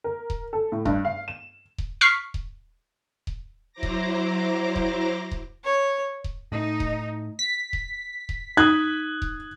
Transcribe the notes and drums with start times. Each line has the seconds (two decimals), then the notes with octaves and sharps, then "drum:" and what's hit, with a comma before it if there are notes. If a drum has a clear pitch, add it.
0.04 A#4
0.30 drum: kick D#1
0.53 A4
0.72 A2
0.85 G2, drum: kick D#1
1.05 F5
1.28 E7
1.78 drum: kick D#1
2.01 C#6 F6 B6 C7
2.34 drum: kick D#1
3.27 drum: kick D#1
3.72 F#3 E4 C5 A#5 D6 A#6
3.83 drum: kick D#1
4.76 drum: kick D#1
5.31 drum: kick D#1
5.64 C#5
6.24 drum: kick D#1
6.52 A2 D#4
6.80 drum: kick D#1
7.39 B6
7.73 drum: kick D#1
8.29 drum: kick D#1
8.57 D#4 D#6 F#6 G#6
9.22 drum: kick D#1